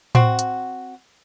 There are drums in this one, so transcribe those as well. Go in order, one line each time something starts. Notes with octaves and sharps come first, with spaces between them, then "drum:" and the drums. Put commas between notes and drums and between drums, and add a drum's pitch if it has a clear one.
C4 F#4, drum: tom A2
drum: hi-hat